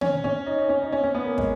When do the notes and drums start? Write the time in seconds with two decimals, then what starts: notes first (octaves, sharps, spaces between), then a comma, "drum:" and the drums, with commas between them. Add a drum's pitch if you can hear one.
0.01 C#4, drum: tom
0.24 C#4
0.46 D#4
0.58 D#4
0.69 C#4
0.82 D#4
0.92 C#4
1.04 C#4
1.15 B3
1.26 A#3
1.38 G#3, drum: kick